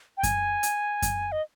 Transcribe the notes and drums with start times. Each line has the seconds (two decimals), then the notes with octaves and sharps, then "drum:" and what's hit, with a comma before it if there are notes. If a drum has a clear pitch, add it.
0.17 G5
0.23 G#5, drum: kick F#2, hi-hat
0.63 drum: hi-hat
1.02 drum: kick F#2, hi-hat
1.32 D#5